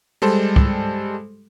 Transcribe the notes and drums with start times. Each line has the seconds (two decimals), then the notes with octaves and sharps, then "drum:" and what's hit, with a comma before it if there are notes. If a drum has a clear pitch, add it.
0.22 G3 G#3 A4 C5
0.56 drum: kick